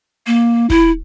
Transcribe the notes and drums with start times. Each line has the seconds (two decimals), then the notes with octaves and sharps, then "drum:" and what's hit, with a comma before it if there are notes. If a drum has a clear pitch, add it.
0.27 A#3
0.70 E4, drum: kick